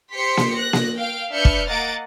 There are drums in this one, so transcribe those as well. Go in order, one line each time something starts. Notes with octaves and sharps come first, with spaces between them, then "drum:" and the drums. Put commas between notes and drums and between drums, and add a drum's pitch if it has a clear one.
G4 C5 C6 B6 C#7
drum: snare A#3
F#6 A#6
drum: snare A#3
F5 G5 D7
D4 B4 E5 F6 G6 C#7
drum: kick
A#3 D#5 F#5 A6 D7